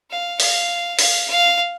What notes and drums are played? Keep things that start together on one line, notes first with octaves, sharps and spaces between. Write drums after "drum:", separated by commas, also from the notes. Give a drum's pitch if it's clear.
F5
F5, drum: open hi-hat
F5, drum: open hi-hat
F5